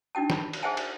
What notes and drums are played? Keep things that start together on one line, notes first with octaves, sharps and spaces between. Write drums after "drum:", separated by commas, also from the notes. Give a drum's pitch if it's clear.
D4 D#4 F#4 G5 A5
A5 B5, drum: snare
drum: cymbal
G#4 C5 E5 F#5 G#5 A5
drum: cymbal